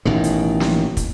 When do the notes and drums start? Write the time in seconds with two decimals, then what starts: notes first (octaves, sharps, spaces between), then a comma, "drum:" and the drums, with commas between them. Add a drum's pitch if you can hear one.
0.05 A1 B2 D#3
0.24 drum: hi-hat
0.60 drum: snare
0.97 drum: kick, hi-hat